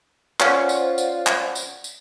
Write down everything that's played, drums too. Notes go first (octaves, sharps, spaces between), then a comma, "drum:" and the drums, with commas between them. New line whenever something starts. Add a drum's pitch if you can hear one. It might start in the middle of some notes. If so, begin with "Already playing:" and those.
C#4 F4 C5 D5 F#5, drum: clap
drum: tambourine
drum: tambourine
drum: clap
drum: tambourine
drum: tambourine